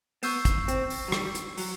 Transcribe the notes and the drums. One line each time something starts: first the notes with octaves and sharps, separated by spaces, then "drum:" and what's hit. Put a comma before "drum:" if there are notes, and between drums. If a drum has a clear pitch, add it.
B3 C#6 E6 G6 C7 E7, drum: open hi-hat
drum: kick, hi-hat
C4, drum: hi-hat
drum: open hi-hat
F#3
G3, drum: rim click
drum: hi-hat
F#3, drum: open hi-hat